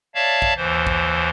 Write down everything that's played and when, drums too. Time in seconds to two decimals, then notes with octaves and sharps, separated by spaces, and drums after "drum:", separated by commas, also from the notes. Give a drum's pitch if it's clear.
0.15 C#5 D5 E5 F5 A5
0.42 drum: kick
0.57 D#2 E3 C5
0.87 drum: kick